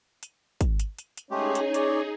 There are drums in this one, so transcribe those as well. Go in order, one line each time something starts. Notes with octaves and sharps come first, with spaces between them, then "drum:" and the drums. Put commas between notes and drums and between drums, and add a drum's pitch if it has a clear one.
drum: hi-hat
drum: kick, hi-hat
drum: hi-hat
drum: hi-hat
drum: hi-hat
G#3 A3 C#4 D#4 G4 G#4
drum: hi-hat
C#5 D5, drum: hi-hat